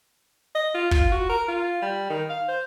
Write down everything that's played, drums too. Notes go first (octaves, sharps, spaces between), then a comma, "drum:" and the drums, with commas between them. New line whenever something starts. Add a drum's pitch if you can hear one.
D#5
F4
F4, drum: kick
F#4
A#4
F4
G3
D#3
F5
C5